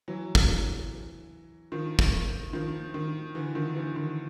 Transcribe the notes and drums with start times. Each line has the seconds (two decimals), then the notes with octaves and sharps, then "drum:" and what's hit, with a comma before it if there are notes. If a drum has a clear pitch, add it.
0.08 E3 F#3
0.35 drum: kick
1.72 D#3 F3
1.99 drum: kick
2.53 D#3 F3
2.94 D#3
3.35 D3 E3
3.55 D#3 F3
3.76 D3 E3
3.96 D#3